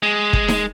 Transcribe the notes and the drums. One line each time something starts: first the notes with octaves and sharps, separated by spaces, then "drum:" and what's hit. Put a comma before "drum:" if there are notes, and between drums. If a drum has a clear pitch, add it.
G#3
drum: kick
drum: snare D#4